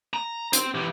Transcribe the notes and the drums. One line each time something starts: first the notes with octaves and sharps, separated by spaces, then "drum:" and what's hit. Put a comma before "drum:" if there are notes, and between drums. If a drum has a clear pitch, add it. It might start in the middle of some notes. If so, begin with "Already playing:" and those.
A#5
C4 C5, drum: hi-hat
E3 G4